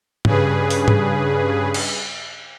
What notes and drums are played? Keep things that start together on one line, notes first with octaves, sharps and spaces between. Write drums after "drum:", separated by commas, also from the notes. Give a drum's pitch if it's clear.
G2 C#3 G#4 B4, drum: tom G#2
drum: open hi-hat
drum: tom G#2
drum: cymbal